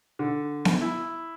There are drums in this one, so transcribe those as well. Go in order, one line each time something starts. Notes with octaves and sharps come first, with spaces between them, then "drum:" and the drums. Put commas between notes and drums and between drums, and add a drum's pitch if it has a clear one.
D3
drum: snare B3
E4